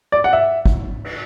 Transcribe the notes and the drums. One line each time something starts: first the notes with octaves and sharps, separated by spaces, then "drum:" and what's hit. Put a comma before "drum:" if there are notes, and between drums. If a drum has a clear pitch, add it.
D5
F#5
E5
drum: kick
drum: cymbal